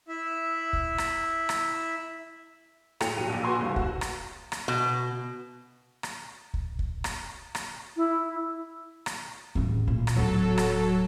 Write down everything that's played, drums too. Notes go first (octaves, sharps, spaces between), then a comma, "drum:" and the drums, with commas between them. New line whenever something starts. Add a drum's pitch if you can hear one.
E4 E5
drum: kick
drum: rim click
drum: rim click
A2 A3 G#4 G5 C#7 F7, drum: rim click
B1 F#3 G4 D#7
A#1 A#2
F#4 B4 G#5 C6 C#6 E6
F#1 D2 G2
F#4, drum: kick
drum: rim click
drum: rim click
B2
drum: rim click
drum: kick
drum: kick
drum: rim click
drum: rim click
E4
drum: rim click
A1 E2, drum: kick
A#2
drum: rim click
D1 F#3 A4
drum: rim click